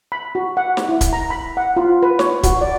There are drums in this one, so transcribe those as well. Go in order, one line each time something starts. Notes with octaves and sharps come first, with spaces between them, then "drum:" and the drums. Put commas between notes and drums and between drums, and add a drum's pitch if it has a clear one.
B5
F#4
F#5
drum: snare
E4
drum: kick, hi-hat
A#5
B5
F#5
F4
B4
C#5, drum: snare
F#4, drum: kick, hi-hat
D5